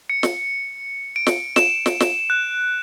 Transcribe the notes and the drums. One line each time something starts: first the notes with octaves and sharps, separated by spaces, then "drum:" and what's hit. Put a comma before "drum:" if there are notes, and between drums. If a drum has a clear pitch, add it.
C#7
drum: snare
D7
drum: snare
E7, drum: snare
drum: snare
drum: snare
F#6